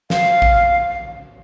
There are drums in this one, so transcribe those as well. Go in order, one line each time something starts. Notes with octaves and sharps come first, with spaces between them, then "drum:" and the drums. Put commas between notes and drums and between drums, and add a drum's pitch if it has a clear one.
F5, drum: snare
drum: kick A1